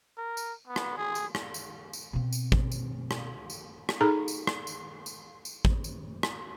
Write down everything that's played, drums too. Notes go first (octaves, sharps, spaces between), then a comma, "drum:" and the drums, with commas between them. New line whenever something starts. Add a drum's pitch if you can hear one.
A#4
drum: tambourine
B3
drum: rim click
G#4
drum: tambourine
drum: rim click
drum: tambourine
drum: tambourine
B2 C4
drum: tambourine
drum: kick
drum: tambourine
drum: rim click
drum: tambourine
drum: rim click
D#4 G#4 A4 A#5 B5
drum: tambourine
drum: rim click
drum: tambourine
drum: tambourine
drum: tambourine
drum: kick
drum: tambourine
drum: rim click